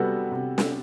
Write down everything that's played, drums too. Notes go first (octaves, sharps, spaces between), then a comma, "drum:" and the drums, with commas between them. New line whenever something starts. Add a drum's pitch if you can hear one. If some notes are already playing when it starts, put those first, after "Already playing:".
Already playing: C3 G3 B3 F#4 A4
C3
drum: snare